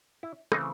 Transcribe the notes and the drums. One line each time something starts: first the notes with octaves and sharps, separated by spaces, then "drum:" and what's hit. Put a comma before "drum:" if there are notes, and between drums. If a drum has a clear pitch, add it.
E4
C#3 E3 A3 C4 D#4, drum: rim click